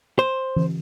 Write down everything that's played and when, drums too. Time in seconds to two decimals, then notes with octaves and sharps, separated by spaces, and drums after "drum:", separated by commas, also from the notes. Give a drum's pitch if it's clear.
0.19 C5
0.56 drum: tom E3